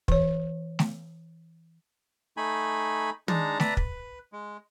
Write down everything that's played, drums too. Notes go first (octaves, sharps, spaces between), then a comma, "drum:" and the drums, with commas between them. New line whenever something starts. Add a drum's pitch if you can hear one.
E3 C#5, drum: kick
drum: snare A3
A3 D#4 G#5 B5
G#3 D4 D#4 A5 A#5, drum: tom
B4 D5 E5 A5 A#5, drum: snare A3
B4, drum: kick
G#3